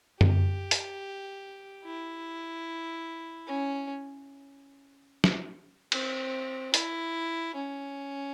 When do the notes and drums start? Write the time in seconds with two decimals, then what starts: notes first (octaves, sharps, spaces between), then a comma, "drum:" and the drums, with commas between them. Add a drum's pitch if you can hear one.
0.21 G4, drum: tom F#2
0.71 drum: hi-hat
1.84 E4
3.47 C#4
5.24 drum: snare
5.92 C4, drum: cymbal
6.74 E4, drum: hi-hat
7.55 C#4